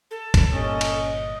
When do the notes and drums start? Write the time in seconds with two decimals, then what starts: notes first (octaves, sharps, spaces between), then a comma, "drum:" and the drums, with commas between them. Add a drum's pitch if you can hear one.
0.11 A4
0.34 drum: kick, cymbal
0.53 G1 G2 A#2 C#4 D#5
0.81 drum: cymbal